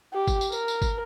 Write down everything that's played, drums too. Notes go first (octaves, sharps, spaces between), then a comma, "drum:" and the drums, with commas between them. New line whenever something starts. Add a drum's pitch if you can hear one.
G4
drum: kick G#1, tambourine
drum: tambourine
A#4, drum: tambourine
drum: tambourine
drum: kick G#1, tambourine